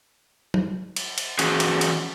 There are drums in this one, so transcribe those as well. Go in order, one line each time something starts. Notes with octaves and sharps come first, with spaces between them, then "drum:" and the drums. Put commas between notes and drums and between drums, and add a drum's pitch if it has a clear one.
drum: tom F#3
drum: cymbal
drum: cymbal
E3 C#4 F#4 G#4, drum: cymbal
drum: cymbal
drum: cymbal